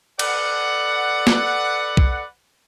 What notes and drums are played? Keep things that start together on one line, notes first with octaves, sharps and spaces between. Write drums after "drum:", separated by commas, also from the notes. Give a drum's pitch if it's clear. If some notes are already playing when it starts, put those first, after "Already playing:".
A4 B4 D5 F#5, drum: cymbal
drum: snare
drum: kick B1